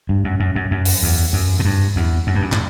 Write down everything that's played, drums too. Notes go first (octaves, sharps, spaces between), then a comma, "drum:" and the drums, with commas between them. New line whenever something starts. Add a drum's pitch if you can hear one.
G2
F#2
F#2
F#2
F#2
drum: open hi-hat
E2
F#2
A2
G2
E2
F#2
G2
F#2
A2, drum: clap